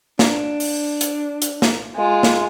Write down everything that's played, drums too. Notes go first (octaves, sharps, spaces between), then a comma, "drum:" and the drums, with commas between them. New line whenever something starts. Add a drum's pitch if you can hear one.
D4, drum: snare
drum: open hi-hat
drum: hi-hat
drum: hi-hat
drum: snare
G#3 F4
drum: snare